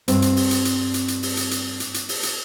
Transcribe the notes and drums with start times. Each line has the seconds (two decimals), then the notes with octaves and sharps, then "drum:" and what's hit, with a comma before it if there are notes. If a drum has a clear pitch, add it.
0.08 G2 C4, drum: hi-hat
0.22 drum: hi-hat
0.36 drum: open hi-hat
0.51 drum: hi-hat
0.65 drum: hi-hat
0.94 drum: hi-hat
1.08 drum: hi-hat
1.23 drum: open hi-hat
1.37 drum: hi-hat
1.51 drum: hi-hat
1.80 drum: hi-hat
1.94 drum: hi-hat
2.09 drum: open hi-hat
2.23 drum: hi-hat